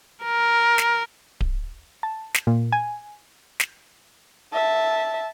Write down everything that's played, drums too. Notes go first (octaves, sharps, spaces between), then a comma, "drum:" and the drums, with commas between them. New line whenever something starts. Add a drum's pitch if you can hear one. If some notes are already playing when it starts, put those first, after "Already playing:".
A#4
drum: snare
drum: kick D1
A5
drum: snare
A#2
G#5
drum: snare
E5 A5